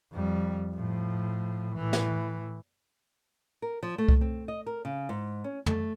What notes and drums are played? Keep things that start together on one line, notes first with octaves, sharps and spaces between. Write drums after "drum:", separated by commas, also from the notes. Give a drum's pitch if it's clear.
F2 G3
A2 F3
A2 E3
drum: snare
A#4
F3
A3
drum: kick C2
C4
D#5
A#4
C#3
G#2
C#4
A3, drum: tom